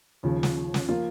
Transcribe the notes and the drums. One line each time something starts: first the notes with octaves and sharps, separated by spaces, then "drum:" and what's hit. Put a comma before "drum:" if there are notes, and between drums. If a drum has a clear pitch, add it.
D#2 C#3 F3
drum: snare
drum: snare
F3 A#3 F4